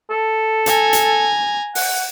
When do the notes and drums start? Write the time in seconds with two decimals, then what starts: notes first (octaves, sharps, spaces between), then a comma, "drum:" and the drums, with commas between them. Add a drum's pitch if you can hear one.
0.11 A4
0.66 G#5 A#5, drum: hi-hat
0.93 drum: hi-hat
1.75 F#5, drum: open hi-hat